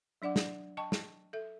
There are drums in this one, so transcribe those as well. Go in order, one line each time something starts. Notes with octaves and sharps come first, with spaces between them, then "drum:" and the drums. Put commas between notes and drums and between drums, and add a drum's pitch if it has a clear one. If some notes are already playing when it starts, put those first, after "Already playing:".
F#3 D4 D5 F#5 D6
drum: snare
D#5 G5 A5 C#6
drum: snare
A4 E5